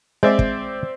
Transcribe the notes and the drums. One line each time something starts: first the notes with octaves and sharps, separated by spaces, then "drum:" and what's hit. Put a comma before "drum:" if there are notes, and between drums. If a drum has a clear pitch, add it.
G#3 C4 D5 E5
drum: kick